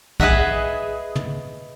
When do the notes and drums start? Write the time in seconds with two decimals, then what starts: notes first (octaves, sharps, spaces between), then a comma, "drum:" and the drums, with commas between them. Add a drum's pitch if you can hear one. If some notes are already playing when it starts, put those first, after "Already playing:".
0.20 G#4 B4 D#5 E5 F#5, drum: kick
1.16 drum: tom